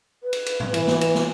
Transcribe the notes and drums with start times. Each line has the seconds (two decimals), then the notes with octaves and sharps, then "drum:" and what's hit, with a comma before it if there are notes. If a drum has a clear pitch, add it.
0.23 B4
0.33 drum: cymbal
0.46 drum: cymbal
0.60 drum: tom
0.74 E3, drum: cymbal
0.88 drum: snare
1.01 drum: cymbal
1.15 drum: snare